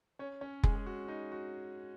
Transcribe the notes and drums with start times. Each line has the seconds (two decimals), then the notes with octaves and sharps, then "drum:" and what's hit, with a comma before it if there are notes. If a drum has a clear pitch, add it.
0.19 C#4 C#5
0.41 C#4 C#5
0.63 G#3 G#4, drum: kick F1
0.75 G#4
0.86 F#4
1.08 D#4
1.32 F#4